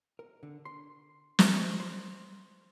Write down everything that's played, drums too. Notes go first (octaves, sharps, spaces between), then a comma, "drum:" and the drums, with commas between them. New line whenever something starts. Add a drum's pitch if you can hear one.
A#4
D3
C6
drum: snare
C5